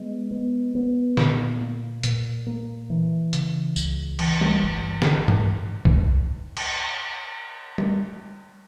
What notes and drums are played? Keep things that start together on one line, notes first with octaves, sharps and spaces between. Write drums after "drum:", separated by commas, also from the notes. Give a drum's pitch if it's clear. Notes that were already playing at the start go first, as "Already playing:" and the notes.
Already playing: G#3 B3
B3
B3
A#2, drum: snare
A#3
A#2, drum: hi-hat
A#3
E3
C#3, drum: hi-hat
C#2, drum: tambourine
E3, drum: cymbal
drum: tom
G1
drum: snare
drum: tom G2
drum: kick C2
drum: cymbal
drum: tom